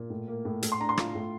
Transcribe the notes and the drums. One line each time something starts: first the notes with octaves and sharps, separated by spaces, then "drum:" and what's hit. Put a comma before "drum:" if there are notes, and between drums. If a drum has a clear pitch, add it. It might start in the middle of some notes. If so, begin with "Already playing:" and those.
Already playing: A#2
A2
A#3
A2
A2, drum: hi-hat
C6
D4 A#5
C6
F4, drum: rim click
A2